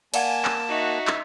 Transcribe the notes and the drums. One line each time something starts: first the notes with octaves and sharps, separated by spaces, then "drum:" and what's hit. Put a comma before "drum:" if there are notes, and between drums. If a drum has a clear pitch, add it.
A#3 D5 F5 F#5 G#5 A5, drum: cymbal
drum: clap
D#4 F#4 E5
drum: clap